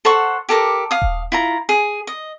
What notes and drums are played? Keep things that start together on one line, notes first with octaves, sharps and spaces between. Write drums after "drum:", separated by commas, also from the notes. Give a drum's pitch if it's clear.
A4 C5 F#5 C#6
G4 A4 A#4 D6
F5 D#6
drum: kick D#1
E4 F4 A#5
G#4
D#5